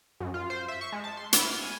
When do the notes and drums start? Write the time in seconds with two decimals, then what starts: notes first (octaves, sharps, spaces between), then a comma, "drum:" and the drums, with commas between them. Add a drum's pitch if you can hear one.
0.20 F#2
0.34 F4
0.50 C5
0.68 E5
0.81 C#6
0.92 G#3
1.04 A5
1.17 C6
1.33 E4, drum: hi-hat
1.45 F6
1.62 G#5